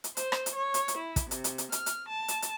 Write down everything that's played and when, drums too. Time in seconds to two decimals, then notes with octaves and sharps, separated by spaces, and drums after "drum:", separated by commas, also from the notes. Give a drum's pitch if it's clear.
0.04 drum: hi-hat
0.17 C5, drum: hi-hat
0.32 drum: rim click
0.46 drum: hi-hat
0.56 C#5
0.74 drum: hi-hat
0.88 drum: hi-hat
0.98 E4
1.16 drum: kick, hi-hat
1.31 C3, drum: hi-hat
1.44 drum: hi-hat
1.58 drum: hi-hat
1.72 F6, drum: hi-hat
1.86 drum: hi-hat
2.09 A5
2.28 drum: hi-hat
2.42 drum: hi-hat